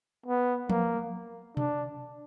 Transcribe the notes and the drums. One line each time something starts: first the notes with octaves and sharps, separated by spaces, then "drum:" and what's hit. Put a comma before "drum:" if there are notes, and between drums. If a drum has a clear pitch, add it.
B3
A#3, drum: tom F3
D4, drum: tom B2